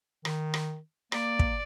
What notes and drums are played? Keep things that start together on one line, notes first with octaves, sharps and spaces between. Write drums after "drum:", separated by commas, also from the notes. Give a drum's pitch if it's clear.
D#3, drum: rim click
drum: rim click
A#3 D5, drum: rim click
drum: kick